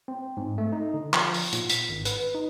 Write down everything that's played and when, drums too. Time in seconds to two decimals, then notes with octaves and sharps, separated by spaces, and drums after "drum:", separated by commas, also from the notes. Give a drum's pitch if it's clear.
0.08 C4
0.37 G#2
0.58 A3
0.72 D#4
0.94 D3
1.14 F3, drum: clap
1.34 drum: open hi-hat
1.53 A#2, drum: hi-hat
1.69 B6, drum: hi-hat
1.89 G#1
2.05 B4, drum: hi-hat
2.35 D#4